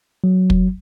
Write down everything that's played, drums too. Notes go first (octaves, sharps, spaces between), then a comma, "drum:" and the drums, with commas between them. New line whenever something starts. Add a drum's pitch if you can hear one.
F#3
drum: kick